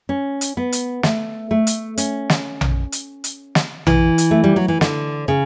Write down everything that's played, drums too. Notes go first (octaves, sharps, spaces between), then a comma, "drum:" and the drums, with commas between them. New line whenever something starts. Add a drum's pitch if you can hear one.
C#4
drum: hi-hat
B3
drum: hi-hat
A3, drum: snare
A3
drum: hi-hat
C#4, drum: hi-hat
drum: snare
drum: tom A#1
drum: hi-hat
drum: hi-hat
drum: snare
E3, drum: tom A#1
drum: hi-hat
A3
G3
F#3
E3
D3, drum: snare
C#3